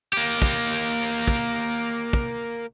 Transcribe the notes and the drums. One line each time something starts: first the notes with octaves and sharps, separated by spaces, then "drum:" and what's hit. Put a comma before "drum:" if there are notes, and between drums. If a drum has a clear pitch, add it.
A#3 G4
drum: kick
drum: kick
drum: kick